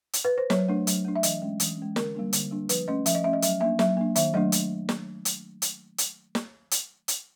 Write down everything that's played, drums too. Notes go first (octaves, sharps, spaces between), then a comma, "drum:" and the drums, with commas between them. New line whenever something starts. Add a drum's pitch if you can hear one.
drum: hi-hat
B4
C5
F#3 C#5, drum: snare
A3 D4
F#3, drum: hi-hat
A3 D4
E5
E3 D#5, drum: hi-hat
G#3 C#4
E3, drum: hi-hat
G#3 C#4
D3 A#4, drum: snare
G3 A#3 D4
D3, drum: hi-hat
G3 A#3 D4
F3 B4, drum: hi-hat
A3 C#4 D#5
F3 E5, drum: hi-hat
D#5
A3 C#4 E5
D#5
F#3 E5, drum: hi-hat
A#3 D4 E5
F#3 E5, drum: snare
A#3 D4
D#3 E5, drum: hi-hat
F#3 A3 D4 D#5
drum: hi-hat
drum: snare
drum: hi-hat
drum: hi-hat
drum: hi-hat
drum: snare
drum: hi-hat
drum: hi-hat